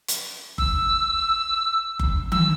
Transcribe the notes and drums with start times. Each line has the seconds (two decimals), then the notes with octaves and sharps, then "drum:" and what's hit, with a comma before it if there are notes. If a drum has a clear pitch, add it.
0.08 drum: hi-hat
0.58 E6, drum: kick F#1
1.99 drum: kick F#1
2.32 E6, drum: tom D#3